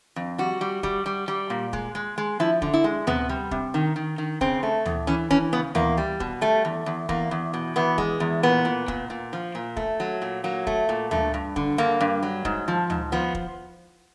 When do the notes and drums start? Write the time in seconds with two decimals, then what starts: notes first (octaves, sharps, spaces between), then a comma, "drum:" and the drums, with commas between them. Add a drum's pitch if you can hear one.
0.16 F2
0.38 G3 F#4
0.61 G3
0.83 G3, drum: kick
1.06 G3
1.28 G3
1.50 A#2
1.73 G#3, drum: kick
1.95 G#3
2.18 G#3
2.40 F3 E4
2.62 D3, drum: kick
2.74 E4
2.84 G#3
3.07 C3 B3, drum: tom D2
3.29 G3
3.51 C3, drum: kick
3.74 D#3
3.96 D#3
4.18 D#3
4.41 C#3 C4, drum: kick
4.63 A3
4.86 E2, drum: tom D2
5.07 E3 C#4
5.31 E3 C#4, drum: kick
5.53 C#3 B3
5.75 E2 A#3, drum: tom D2
5.98 G3
6.20 B2, drum: kick
6.41 G3 A3
6.65 E2
6.86 E2
7.09 E2 A#3, drum: kick
7.31 E2
7.54 B2
7.76 E2 B3
7.98 G#3, drum: kick
8.20 E2
8.43 A#2 B3
8.65 A#2
8.88 A#2, drum: kick
9.10 A#2
9.33 F3
9.55 A#2
9.77 A3, drum: kick
10.00 F#3
10.22 A#2
10.44 F#3 A#3
10.67 A3, drum: kick
10.89 A#2
11.11 G2 A3, drum: tom D2
11.34 G2
11.56 D3, drum: kick
11.78 G2 A#3
12.01 G2
12.23 F#3
12.45 G#2, drum: kick
12.68 F3
12.90 G#2, drum: tom D2
13.12 F3 B3
13.35 drum: kick